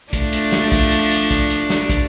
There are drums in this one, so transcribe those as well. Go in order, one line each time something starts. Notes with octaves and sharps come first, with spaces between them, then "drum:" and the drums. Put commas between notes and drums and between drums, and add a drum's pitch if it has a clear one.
F3 A3 D4, drum: kick, hi-hat
drum: hi-hat
drum: snare
drum: kick, hi-hat
drum: hi-hat
drum: hi-hat
drum: kick, hi-hat
drum: hi-hat
drum: snare
drum: kick, hi-hat